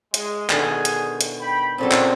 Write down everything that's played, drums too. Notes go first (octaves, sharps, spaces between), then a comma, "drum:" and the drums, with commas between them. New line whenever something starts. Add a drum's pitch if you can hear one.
G#3, drum: hi-hat
B2 D3 D#3 G#4 G#5, drum: clap
drum: hi-hat
drum: hi-hat
G5 B5
A#2 C#3 F#3 C4 A4
drum: clap